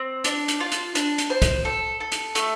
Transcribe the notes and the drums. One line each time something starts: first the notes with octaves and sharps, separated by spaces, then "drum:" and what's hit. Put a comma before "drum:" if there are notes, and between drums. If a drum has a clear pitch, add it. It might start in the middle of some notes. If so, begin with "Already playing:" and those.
Already playing: C4
D4, drum: hi-hat
drum: hi-hat
F4
drum: hi-hat
D4, drum: hi-hat
drum: hi-hat
C5
drum: kick, hi-hat
A4
A4
drum: hi-hat
A3, drum: hi-hat